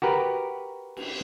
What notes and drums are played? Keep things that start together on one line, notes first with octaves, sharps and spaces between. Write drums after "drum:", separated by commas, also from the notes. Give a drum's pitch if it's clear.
F#4 G4 A#4 B4
drum: cymbal